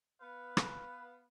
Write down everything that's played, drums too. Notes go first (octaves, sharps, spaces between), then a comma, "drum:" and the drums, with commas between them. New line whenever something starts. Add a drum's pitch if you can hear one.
B3 B4 F5
drum: rim click